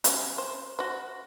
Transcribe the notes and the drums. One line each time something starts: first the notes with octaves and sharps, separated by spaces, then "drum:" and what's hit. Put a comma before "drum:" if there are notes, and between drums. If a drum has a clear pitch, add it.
F#3 C4 C#4, drum: hi-hat
C5
F#4 C5